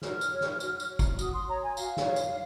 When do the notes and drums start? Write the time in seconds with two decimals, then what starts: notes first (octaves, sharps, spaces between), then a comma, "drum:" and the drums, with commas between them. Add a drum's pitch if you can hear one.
0.02 F#4 F6, drum: snare
0.21 drum: tambourine
0.31 C#5
0.41 drum: snare
0.60 F#4, drum: tambourine
0.80 drum: tambourine
0.90 C#5
0.99 drum: kick, tambourine
1.19 F#4 D#6, drum: tambourine
1.33 C6
1.48 C#5 A#5
1.63 G#5
1.77 F#4 F5, drum: tambourine
1.97 drum: snare
2.07 C#5
2.16 drum: tambourine